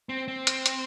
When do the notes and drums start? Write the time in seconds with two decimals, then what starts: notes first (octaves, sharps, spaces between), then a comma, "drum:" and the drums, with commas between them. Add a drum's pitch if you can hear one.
0.09 C4
0.28 C4
0.47 drum: hi-hat
0.66 drum: hi-hat